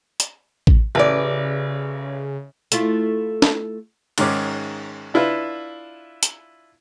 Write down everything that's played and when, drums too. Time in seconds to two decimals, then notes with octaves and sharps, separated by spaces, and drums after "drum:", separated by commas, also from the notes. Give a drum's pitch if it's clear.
0.20 drum: hi-hat
0.67 drum: kick A1
0.95 A1 C#3 B4 D5
2.72 A3 E4 F4, drum: hi-hat
3.42 drum: snare
4.18 G#2 D#3 G#3 C#4 D6, drum: cymbal
5.14 D4 E4 F4 B4
6.23 drum: hi-hat